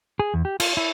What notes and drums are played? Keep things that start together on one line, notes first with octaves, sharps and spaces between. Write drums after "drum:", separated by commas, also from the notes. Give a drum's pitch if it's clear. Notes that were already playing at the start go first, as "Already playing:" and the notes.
G#4
E2
G4
F4, drum: cymbal
E4